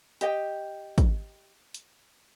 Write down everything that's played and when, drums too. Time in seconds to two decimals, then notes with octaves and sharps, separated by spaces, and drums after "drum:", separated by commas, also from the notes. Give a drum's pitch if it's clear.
0.21 G4 D#5 G5, drum: hi-hat
0.98 drum: kick, hi-hat
1.74 drum: hi-hat